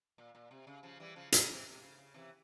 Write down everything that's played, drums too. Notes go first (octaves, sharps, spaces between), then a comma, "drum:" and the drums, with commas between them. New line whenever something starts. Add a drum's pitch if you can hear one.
A#2
A#2
C3
C#3
C#3 F3
E3 G3
C#3 F3
C#3 F3, drum: hi-hat
C3 E3
C3
C#3
C#3
C3 E3